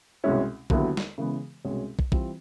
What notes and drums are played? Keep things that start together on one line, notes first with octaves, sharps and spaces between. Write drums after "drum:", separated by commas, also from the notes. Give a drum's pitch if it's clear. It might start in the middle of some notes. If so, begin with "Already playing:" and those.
C2 B2 G#3 C#4 E4
D#2 D3 F#3 B3 E4, drum: kick
drum: snare
C#3 E3 G#3 B3
C2 B2 G#3 C#4
drum: kick
E3 G3 C4 F4, drum: kick